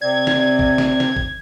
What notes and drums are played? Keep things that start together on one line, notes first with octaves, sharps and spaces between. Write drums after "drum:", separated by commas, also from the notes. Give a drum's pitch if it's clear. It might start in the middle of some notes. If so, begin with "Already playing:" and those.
C3 C4 D5 G#6
drum: snare
drum: kick
drum: snare
drum: snare
drum: kick